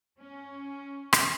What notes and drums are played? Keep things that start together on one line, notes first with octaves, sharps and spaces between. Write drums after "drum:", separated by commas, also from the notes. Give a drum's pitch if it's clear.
C#4
drum: rim click